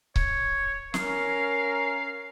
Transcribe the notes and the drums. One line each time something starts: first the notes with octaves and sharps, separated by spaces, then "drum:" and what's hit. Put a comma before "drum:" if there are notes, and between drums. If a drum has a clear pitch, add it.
C#5, drum: kick C#1
C#4 A#4 F5, drum: snare